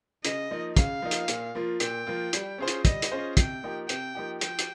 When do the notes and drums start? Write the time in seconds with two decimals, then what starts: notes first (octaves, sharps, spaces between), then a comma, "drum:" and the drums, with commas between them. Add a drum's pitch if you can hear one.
0.25 C#3 D#5, drum: hi-hat
0.51 F3 A#3 D#4
0.77 C#3 F5, drum: kick, hi-hat
1.02 F3 A#3 D#4
1.11 drum: hi-hat
1.28 A#2, drum: hi-hat
1.55 F3 A#3 F4
1.80 A#2 G5, drum: hi-hat
2.07 F3 A#3 F4
2.33 G3, drum: hi-hat
2.58 C#4 F4 G#4 C5
2.68 drum: hi-hat
2.85 G3 D#5, drum: kick, hi-hat
3.02 drum: hi-hat
3.12 C#4 F4 G#4 C5
3.37 C3 G5, drum: kick, hi-hat
3.63 F3 A#3 D#4 G4
3.89 C3 G5, drum: hi-hat
4.15 F3 A#3 D#4 G4
4.41 F3 G5, drum: hi-hat
4.59 drum: hi-hat